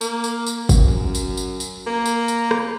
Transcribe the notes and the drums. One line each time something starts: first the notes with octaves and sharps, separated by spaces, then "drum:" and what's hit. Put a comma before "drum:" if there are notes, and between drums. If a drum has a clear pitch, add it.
A#3, drum: tambourine
drum: tambourine
drum: tambourine
drum: kick, tambourine
F#2
drum: tambourine
drum: tambourine
drum: tambourine
A#3
drum: tambourine
drum: tambourine
drum: rim click